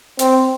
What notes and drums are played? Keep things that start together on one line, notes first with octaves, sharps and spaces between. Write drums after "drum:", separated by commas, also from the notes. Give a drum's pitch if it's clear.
C4, drum: hi-hat